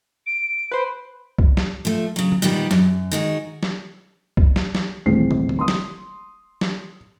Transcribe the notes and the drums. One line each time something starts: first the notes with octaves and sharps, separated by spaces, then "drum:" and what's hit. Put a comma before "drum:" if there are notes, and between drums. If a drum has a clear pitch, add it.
D7
B4 C5
drum: kick C2
drum: snare
F3 A3
C#3 F#3
drum: tom D3
A#2 D#3 G3 B3 G4
F#2, drum: snare
D#3 G#3 F#4
drum: snare
drum: kick C2
drum: snare
drum: snare
D#1 A1 C4 G#4 C7
drum: tom
drum: tom D3
C6 D#6
drum: snare
drum: snare